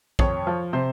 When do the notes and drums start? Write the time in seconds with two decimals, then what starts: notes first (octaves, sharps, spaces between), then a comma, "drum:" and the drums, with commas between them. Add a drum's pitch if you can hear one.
0.19 F2 C#5, drum: kick
0.47 F3
0.73 C3 C5